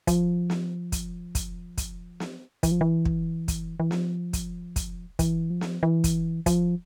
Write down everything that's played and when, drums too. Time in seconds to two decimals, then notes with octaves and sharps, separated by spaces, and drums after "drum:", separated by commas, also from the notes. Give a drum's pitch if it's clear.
0.07 F3, drum: kick, hi-hat
0.50 drum: snare
0.92 drum: kick, hi-hat
1.35 drum: kick, hi-hat
1.78 drum: kick, hi-hat
2.20 drum: snare
2.63 E3, drum: kick, hi-hat
2.72 F3
2.81 E3
3.05 drum: kick
3.48 drum: kick, hi-hat
3.80 E3
3.91 F3, drum: snare
4.33 drum: kick, hi-hat
4.76 drum: kick, hi-hat
5.19 E3, drum: kick, hi-hat
5.50 F3
5.61 drum: snare
5.83 E3
6.04 drum: kick, hi-hat
6.46 F3, drum: kick, hi-hat